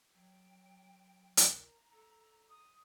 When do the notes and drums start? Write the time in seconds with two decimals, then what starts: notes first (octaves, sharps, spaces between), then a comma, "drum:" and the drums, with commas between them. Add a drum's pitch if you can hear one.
0.14 F#3 G5
1.37 A#4 A#5, drum: hi-hat
1.93 A4
2.51 D#6